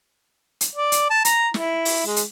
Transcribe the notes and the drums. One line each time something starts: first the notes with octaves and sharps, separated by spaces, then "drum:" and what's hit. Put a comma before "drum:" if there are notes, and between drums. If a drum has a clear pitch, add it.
drum: hi-hat
D5
drum: hi-hat
A5
A#5, drum: hi-hat
E4, drum: snare
drum: open hi-hat
G#3
drum: hi-hat